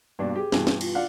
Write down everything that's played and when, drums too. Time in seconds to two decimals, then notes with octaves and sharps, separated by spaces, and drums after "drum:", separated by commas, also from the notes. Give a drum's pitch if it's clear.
0.19 G2 B2 A#3 D4
0.36 G4 G#4
0.52 G2 B2 E3, drum: snare
0.67 drum: snare
0.81 F4, drum: cymbal
0.95 D4 F5 F#5